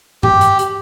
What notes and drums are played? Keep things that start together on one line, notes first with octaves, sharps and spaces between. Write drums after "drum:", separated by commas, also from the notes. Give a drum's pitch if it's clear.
G4, drum: tom G2
drum: hi-hat
drum: hi-hat